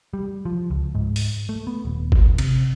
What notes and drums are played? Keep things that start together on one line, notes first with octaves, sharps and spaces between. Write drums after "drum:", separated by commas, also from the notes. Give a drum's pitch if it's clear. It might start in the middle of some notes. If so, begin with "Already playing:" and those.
G3
F3
C#2
G#2
drum: open hi-hat
A3
B3
D#1
drum: kick G#1
C3, drum: cymbal